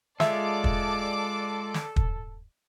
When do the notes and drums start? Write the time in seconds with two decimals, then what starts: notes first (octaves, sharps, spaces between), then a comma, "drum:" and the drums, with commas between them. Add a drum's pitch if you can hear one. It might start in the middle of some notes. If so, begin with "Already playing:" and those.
0.20 G#3 F4 A4 D5 E5 A5 D6, drum: snare
0.64 drum: kick
1.74 drum: snare
1.96 drum: kick